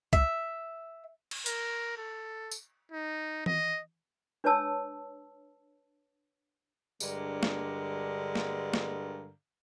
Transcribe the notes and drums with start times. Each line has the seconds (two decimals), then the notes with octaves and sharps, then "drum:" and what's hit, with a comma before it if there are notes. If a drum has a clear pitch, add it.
0.13 E5, drum: kick C2
1.31 drum: cymbal
1.46 A#4, drum: hi-hat
1.98 A4
2.51 drum: tambourine
2.92 D#4
3.46 D#5, drum: tom E3
4.44 D4 B4 C#5 A5 E6
7.00 G2 D3 G#3 A#4, drum: tambourine
7.43 drum: snare
8.35 drum: snare
8.74 drum: snare